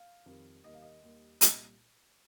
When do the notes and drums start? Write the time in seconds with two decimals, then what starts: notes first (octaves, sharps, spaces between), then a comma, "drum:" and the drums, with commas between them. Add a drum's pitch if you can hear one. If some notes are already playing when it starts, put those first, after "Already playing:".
Already playing: F5
0.26 F2 D#3 G3
0.64 D#2 D#3 G3 D#5
0.74 F5
0.82 D#5
1.03 D#2 D#3 G3
1.41 C2 A#2 G3 D#5, drum: hi-hat